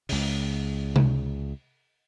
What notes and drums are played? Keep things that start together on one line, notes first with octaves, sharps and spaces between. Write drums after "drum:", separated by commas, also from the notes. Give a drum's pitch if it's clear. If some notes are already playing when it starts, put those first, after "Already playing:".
C#2 C#3, drum: open hi-hat
drum: tom C3